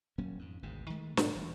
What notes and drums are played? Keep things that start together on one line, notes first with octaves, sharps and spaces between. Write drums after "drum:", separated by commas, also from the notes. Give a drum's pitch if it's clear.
D#1 F#3 A#3 C#4
F2 G#2
G#1 D2 G#2 B2
D#3 G#3 A3
G#2 B2 D3 F#3, drum: snare
D#1 E3 G3